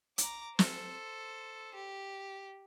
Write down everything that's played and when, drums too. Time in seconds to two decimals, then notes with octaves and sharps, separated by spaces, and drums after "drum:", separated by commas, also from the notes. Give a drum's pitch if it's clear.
0.18 A#5 D6, drum: hi-hat
0.59 A4 C5, drum: snare
1.74 G4